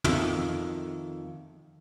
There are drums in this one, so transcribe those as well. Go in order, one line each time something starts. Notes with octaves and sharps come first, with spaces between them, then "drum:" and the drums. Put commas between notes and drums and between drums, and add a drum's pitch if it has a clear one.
F2 D#3 A4 E5, drum: tom